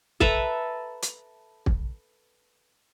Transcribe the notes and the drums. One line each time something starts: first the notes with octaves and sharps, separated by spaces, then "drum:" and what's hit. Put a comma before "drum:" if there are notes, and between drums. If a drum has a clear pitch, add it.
A4 B4 E5 A#5, drum: kick
drum: hi-hat
drum: kick